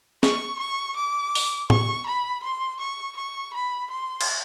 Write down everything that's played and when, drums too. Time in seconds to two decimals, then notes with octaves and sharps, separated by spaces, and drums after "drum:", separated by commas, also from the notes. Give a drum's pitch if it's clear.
0.23 C#6, drum: snare
0.60 C#6
0.96 D6
1.35 drum: open hi-hat
1.70 C#6, drum: tom A2
2.07 B5
2.43 C6
2.80 C#6
3.17 C#6
3.54 B5
3.91 C6
4.21 drum: cymbal